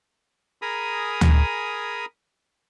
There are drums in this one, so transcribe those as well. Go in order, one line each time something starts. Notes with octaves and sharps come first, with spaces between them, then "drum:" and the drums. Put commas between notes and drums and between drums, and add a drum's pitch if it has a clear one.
G#4 A#4 G#5 A#5 B5 D#6
drum: tom D2